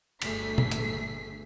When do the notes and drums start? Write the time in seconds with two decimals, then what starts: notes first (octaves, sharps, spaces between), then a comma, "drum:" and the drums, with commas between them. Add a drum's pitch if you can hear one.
0.22 G1 D2 A3 G#4 B6 C7, drum: cymbal
0.58 drum: tom A#2
0.71 drum: hi-hat